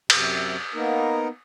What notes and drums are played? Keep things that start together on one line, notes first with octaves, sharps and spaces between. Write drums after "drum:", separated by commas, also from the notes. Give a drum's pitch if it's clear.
F#2 C3, drum: cymbal
A#3 B3 D#4 A#4